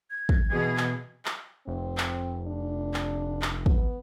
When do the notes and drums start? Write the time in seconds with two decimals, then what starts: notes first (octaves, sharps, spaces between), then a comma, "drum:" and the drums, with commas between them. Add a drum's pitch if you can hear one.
0.11 G#6
0.29 drum: kick
0.51 B2 E3 G#4
0.77 drum: clap
1.25 drum: clap
1.67 F1 C4
1.98 drum: clap
2.47 D4
2.94 drum: clap
3.42 drum: clap
3.66 B3, drum: kick